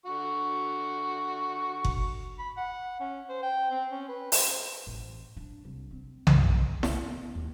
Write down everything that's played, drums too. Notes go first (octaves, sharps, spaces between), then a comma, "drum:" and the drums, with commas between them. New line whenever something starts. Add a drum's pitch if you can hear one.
D3 F#4 C#6
drum: kick F#1
B5
F#5
C#4
C5
G5
C4
C#4
B4
C5, drum: open hi-hat
A1
D4
C2
C4
C#3, drum: tom B1
B3, drum: snare E4
D#2